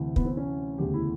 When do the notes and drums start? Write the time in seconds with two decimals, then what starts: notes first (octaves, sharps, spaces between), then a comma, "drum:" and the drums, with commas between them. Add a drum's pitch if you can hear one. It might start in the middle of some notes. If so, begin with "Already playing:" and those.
Already playing: D2 C3 E3
0.16 B3, drum: kick
0.26 C4
0.37 C#4
0.78 E1 D2 C#3 G4
0.94 E4